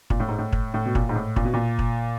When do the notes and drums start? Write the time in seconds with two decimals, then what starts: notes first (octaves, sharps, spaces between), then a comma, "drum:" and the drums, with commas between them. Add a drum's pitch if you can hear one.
0.10 A#2, drum: kick
0.20 A2
0.28 G#2
0.38 A2
0.53 drum: kick
0.74 A2
0.86 B2
0.95 A#2, drum: kick
1.09 G#2
1.16 A2
1.36 A#2, drum: kick
1.45 B2
1.54 A#2
1.79 drum: kick